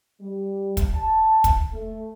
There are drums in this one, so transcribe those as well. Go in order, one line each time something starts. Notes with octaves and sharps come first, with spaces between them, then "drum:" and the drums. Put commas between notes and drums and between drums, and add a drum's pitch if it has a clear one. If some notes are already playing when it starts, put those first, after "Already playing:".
G3
drum: kick, hi-hat
A5
drum: kick, hi-hat
A3